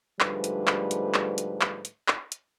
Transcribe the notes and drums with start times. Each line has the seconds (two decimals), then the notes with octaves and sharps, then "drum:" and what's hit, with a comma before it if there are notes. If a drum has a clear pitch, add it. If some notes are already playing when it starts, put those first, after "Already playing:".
0.20 G#2 D3 F3 G3 A3 B4, drum: clap
0.44 drum: hi-hat
0.67 drum: clap
0.91 drum: hi-hat
1.14 drum: clap
1.38 drum: hi-hat
1.61 drum: clap
1.85 drum: hi-hat
2.08 drum: clap
2.32 drum: hi-hat